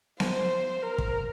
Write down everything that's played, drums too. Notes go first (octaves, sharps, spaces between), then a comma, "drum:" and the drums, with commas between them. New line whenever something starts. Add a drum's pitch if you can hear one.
C5, drum: snare B3
A#4
drum: kick